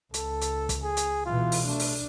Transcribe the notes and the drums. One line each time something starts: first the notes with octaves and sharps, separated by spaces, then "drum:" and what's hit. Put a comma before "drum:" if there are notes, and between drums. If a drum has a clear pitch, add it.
C#2 A4, drum: hi-hat
drum: hi-hat
drum: kick, hi-hat
G#4
drum: hi-hat
B2 E3 F4
drum: open hi-hat
A3 D4
drum: open hi-hat